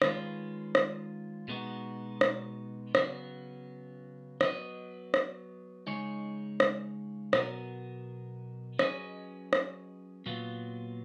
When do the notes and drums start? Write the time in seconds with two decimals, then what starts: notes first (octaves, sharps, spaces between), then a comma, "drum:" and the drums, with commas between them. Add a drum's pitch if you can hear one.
0.02 D#3 G#3 C#4 F4 B4, drum: rim click
0.75 drum: rim click
1.48 B2 G#3 B3 D#4 F#4
2.21 drum: rim click
2.95 C#3 F#3 B3, drum: rim click
4.41 F#3 B3 F#4 B4 D#5, drum: rim click
5.14 drum: rim click
5.87 C#3 G#3 D#4 G#4 C#5
6.60 drum: rim click
7.33 B2 F#3 B3 F#4 A#4, drum: rim click
8.79 F#3 C#4 G#4 B4 D#5, drum: rim click
9.53 drum: rim click
10.26 A#2 F#3 B3 F4